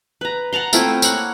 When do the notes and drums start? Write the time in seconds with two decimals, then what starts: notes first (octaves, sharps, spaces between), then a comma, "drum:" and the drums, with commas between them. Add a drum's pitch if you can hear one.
0.21 B4 A#5
0.53 F#5 A5 A#5 C6
0.73 A3 C4 E4 F4, drum: tambourine
1.02 A#3 C#5 F#5, drum: tambourine